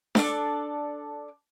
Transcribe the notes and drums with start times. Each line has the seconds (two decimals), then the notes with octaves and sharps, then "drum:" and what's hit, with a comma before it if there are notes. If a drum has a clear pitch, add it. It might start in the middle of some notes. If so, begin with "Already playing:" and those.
0.15 D4 A4 D5, drum: snare D4